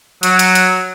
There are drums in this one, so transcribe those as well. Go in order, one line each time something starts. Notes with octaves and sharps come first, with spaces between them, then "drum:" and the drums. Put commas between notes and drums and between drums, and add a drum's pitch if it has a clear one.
F#3, drum: hi-hat
drum: hi-hat
drum: hi-hat